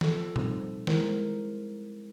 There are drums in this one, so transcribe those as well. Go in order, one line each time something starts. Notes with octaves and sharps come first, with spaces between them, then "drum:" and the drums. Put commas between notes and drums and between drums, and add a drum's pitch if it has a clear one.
F3 A4, drum: snare
G3 C4 D#4, drum: tom A#2
G#3 E4 A#4 C5, drum: snare